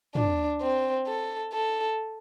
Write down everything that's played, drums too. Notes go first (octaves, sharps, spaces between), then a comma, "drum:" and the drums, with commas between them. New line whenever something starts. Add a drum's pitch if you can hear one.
D4, drum: tom
C4
A4
A4